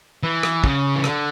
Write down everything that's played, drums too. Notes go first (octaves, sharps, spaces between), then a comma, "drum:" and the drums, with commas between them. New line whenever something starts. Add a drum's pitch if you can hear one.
E3
drum: rim click
C#3, drum: kick
E3
D3, drum: rim click